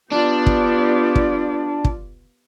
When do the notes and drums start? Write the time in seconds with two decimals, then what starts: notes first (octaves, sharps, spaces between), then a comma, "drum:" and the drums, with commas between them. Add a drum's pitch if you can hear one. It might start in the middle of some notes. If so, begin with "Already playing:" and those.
0.12 B3 D4 F4 G4 D5
0.46 drum: kick
1.15 drum: kick
1.84 drum: kick